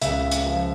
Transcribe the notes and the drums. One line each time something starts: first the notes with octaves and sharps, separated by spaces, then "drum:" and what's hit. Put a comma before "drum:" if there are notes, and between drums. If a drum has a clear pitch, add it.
C#2 E5, drum: hi-hat
drum: hi-hat
F3